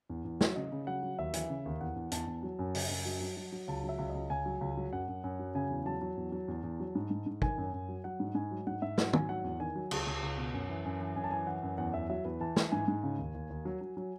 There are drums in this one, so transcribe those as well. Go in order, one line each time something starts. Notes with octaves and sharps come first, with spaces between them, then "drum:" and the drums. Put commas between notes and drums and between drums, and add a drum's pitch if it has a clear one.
E2
E2
F#3, drum: snare
C#3 D#5
C#3
F#3 F#5
F#3
D#2 E5
E3, drum: hi-hat
C#3
D#2
E2 F#5
E2
E2 A5, drum: hi-hat
E2
F#3
F#2
C#3, drum: open hi-hat
F#2
F#3
F#3
F#3
F#3
C#2 A5
F#3
E5
C#2
C#2 D#5
C#2 G#5
F#3
C#2
F#3
F#2 F#5
F#2
F#2
F#3
C#3 G#5
E2
F#3 A5
F#3
E2
F#3
E2
E2
F#3
G#2
G#2
G#2
D#3 G#5, drum: kick
F#2
F#2
F#3
F#3 F#5
G#2
G#2 G#5
F#3
G#2 F#5
G#2 E5
F#3 F#5, drum: snare
G#2 G#5, drum: tom
F#3 F#5
E2
D#3 G#5
F#3
C#2 A5, drum: cymbal
C#2
C#2
B2
F#2
E3
F#2
E3
F#2 G#5
A5
E3 G#5
E3 F#5
F#2
E2 F#5
E2 E5
F#3 E5
E2 B4
E3 A5
E3, drum: snare
G#2 G#5
G#2
C#3
D#2
D#2
D#2
F#3
F#3
F#3